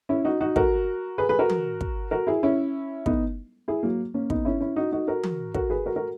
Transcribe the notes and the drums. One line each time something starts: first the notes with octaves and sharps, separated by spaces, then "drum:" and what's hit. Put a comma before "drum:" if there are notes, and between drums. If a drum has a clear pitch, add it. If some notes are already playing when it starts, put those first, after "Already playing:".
C#4 E4
D#4 F#4
D#4 F#4
F#4 A#4, drum: kick
G#4 B4
G#4 B4
F#4 A#4
drum: tom E3
drum: kick
F#4 A#4
E4 G#4
C#4 E4
B3 D#4, drum: kick
E4 G#4
F#3 A#3
A#3 C#4
B3 D#4, drum: kick
C#4 E4
C#4 E4
D#4 F#4
D#4 F#4
F#4 A#4
drum: tom E3
F#4 A#4, drum: kick
G#4 B4
F#4 A#4
F#4 A#4